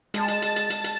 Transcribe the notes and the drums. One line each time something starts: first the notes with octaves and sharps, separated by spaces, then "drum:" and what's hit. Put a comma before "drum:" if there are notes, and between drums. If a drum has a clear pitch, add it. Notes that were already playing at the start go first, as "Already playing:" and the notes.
G#3 A5, drum: hi-hat
drum: hi-hat
drum: hi-hat
drum: hi-hat
drum: hi-hat
drum: hi-hat